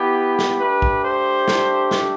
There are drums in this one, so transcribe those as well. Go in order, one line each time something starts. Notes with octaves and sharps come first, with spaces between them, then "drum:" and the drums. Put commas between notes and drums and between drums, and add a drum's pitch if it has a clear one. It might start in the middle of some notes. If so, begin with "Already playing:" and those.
Already playing: B3 E4 G4
drum: snare
A3 D4 G4 B4
drum: kick
C5
drum: snare
drum: snare